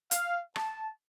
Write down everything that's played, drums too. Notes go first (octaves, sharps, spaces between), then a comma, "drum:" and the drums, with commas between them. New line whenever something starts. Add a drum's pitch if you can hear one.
F5, drum: hi-hat
A5, drum: rim click